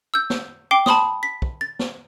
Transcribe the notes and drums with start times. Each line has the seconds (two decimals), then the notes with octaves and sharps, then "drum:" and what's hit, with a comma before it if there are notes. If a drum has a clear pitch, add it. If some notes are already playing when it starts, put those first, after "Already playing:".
0.14 E6 G6
0.30 drum: snare
0.71 G5 D6 C7 G7
0.86 A5 B5 C6 D#6, drum: snare
1.23 B6
1.42 drum: kick
1.61 A6
1.79 drum: snare